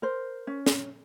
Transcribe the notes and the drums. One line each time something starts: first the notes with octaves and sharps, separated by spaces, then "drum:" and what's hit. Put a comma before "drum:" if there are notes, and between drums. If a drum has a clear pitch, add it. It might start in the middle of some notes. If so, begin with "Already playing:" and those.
A#4 C5
C#4
drum: snare